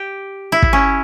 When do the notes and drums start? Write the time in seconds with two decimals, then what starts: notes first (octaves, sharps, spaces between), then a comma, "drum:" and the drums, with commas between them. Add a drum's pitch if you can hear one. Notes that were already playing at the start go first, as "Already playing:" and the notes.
Already playing: G4
0.52 E4
0.63 drum: kick
0.73 C#4